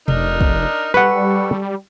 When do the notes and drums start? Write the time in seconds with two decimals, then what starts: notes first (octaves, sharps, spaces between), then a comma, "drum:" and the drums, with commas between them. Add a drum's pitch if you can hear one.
0.08 F1 D4 D#4 A#4, drum: tom B2
0.41 drum: kick
0.94 G3 A4 B4 F#5 C#6